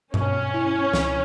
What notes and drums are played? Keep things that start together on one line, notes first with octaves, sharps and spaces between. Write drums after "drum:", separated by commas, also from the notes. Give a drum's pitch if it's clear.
B2 C#4, drum: tom G2
E4
C#2, drum: snare